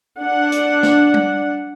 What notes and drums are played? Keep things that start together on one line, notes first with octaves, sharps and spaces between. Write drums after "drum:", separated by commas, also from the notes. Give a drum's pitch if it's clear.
D4 F#5
drum: hi-hat
drum: snare
drum: tom G3